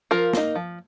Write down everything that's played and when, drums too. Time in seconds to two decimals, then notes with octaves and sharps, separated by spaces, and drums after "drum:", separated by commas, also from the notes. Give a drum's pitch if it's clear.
0.11 F3 F4 A#4
0.33 A#3 D#4, drum: snare
0.55 F3